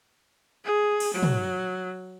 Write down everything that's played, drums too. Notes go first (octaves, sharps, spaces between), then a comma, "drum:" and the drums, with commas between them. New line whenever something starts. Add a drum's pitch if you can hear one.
G#4
drum: cymbal
F#3
drum: tom